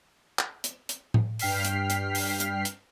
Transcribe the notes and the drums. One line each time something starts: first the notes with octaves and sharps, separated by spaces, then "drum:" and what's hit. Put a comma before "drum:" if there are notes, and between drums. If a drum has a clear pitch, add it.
drum: clap
drum: hi-hat
drum: hi-hat
drum: tom A2
G2 G5 F6 B6 C7, drum: open hi-hat
drum: hi-hat
drum: hi-hat
drum: open hi-hat
drum: hi-hat
drum: hi-hat